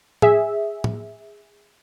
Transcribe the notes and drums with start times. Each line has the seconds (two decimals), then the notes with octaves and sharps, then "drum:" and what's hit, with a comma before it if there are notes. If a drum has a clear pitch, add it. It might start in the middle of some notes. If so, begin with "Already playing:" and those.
0.22 G#4 E5, drum: tom A2
0.84 drum: tom A2